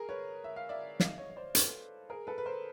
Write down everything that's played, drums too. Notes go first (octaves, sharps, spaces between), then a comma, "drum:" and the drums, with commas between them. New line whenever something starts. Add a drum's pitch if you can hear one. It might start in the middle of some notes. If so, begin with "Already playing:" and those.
Already playing: G#4 A#4
B4 C#5
E5
F5
D5 E5
D#5 F5, drum: snare
C#5 D#5
C#5
C5 D5
A4 B4, drum: hi-hat
G#4 A#4
A4 B4
B4
A#4 C5